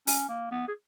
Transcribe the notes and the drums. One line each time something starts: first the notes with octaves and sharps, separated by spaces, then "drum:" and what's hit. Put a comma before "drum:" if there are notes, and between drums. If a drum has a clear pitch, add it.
C#4, drum: open hi-hat
A#3
B3
G#4